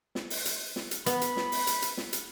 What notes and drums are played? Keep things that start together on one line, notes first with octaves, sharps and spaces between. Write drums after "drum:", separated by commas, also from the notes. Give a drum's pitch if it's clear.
drum: snare
drum: open hi-hat
drum: hi-hat
drum: snare
drum: hi-hat
B3 B5, drum: hi-hat
drum: hi-hat
drum: snare
drum: open hi-hat
drum: hi-hat
drum: hi-hat
drum: snare
drum: hi-hat